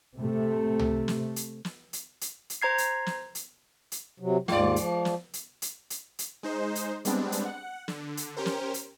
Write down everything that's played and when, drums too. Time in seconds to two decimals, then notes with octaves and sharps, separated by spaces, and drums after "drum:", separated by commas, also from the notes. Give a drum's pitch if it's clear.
0.18 C3 A3
0.79 drum: tom
1.08 drum: snare
1.36 drum: hi-hat
1.65 drum: snare
1.93 drum: hi-hat
2.21 drum: hi-hat
2.50 drum: hi-hat
2.62 C5 A#5 G#6 C7
2.78 drum: hi-hat
3.06 drum: snare
3.35 drum: hi-hat
3.92 drum: hi-hat
4.20 C3 F#3
4.48 D#2 G#2 G#3 F4 D5, drum: snare
4.76 F3, drum: hi-hat
5.05 drum: snare
5.33 drum: hi-hat
5.62 drum: hi-hat
5.90 drum: hi-hat
6.19 drum: hi-hat
6.43 G#3 D#4 C5
6.75 drum: hi-hat
7.05 G3 G#3 B3 C4 D4, drum: hi-hat
7.32 drum: hi-hat
7.45 F#5
7.88 D3, drum: snare
8.17 drum: hi-hat
8.37 C#4 G4 A#4 C5
8.46 drum: snare
8.74 drum: hi-hat